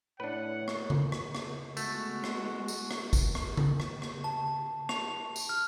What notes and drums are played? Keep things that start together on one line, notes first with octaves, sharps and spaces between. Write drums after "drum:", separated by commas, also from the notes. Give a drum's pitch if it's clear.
A2 D4 B4 C#5 F#5
drum: rim click
drum: tom C#3
drum: rim click
drum: rim click
G#3 A3 B3 F#4, drum: tambourine
drum: rim click
drum: tambourine
drum: rim click
drum: kick, tambourine
drum: rim click
drum: tom C#3
drum: rim click
drum: rim click
A5
F7, drum: rim click
drum: tambourine
F6